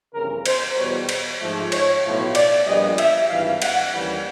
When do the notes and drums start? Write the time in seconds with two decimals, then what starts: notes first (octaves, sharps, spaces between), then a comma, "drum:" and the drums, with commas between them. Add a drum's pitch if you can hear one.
0.14 G1 F2 C#3 E3 A#4
0.46 C5, drum: cymbal
0.77 E2 B2 G3 C#5
1.09 drum: cymbal
1.40 G#2 F3 A3
1.72 C#5, drum: cymbal
2.04 B1 A2 F3 A3
2.35 D5, drum: cymbal
2.66 A#1 A#2 G3 B3 D#5
2.98 E5, drum: cymbal
3.29 G#1 G2 E3 F5
3.62 F#5, drum: cymbal
3.93 D#2 C#3 E3 G3